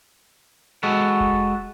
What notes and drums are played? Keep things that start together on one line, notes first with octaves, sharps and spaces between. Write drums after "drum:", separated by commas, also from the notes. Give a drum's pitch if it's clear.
G#3 F#4 A4 B4
drum: kick F1